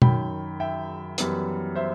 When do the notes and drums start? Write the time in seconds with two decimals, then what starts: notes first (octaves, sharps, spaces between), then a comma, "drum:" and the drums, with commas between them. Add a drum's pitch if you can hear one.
0.02 F#2 D#3 F#3 G5 B5, drum: tom B2
0.60 E5 G5
1.18 F#2 E3 G3 B3, drum: hi-hat
1.75 C5 E5